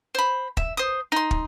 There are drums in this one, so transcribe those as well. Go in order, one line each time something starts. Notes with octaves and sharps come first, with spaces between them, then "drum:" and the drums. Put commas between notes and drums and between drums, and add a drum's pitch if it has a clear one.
C5 B5
E5, drum: kick
C5 D#6
D#4 C6
drum: kick